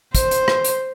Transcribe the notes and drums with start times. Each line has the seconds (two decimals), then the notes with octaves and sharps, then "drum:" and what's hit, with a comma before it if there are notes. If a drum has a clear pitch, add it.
0.15 C5, drum: kick, hi-hat
0.31 drum: hi-hat
0.48 drum: rim click
0.64 drum: hi-hat